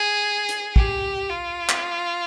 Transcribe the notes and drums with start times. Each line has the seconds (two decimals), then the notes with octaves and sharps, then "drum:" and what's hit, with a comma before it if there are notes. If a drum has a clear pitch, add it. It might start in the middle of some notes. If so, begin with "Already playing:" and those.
Already playing: G#4
0.49 drum: hi-hat
0.76 G4, drum: kick
1.29 F4
1.69 drum: clap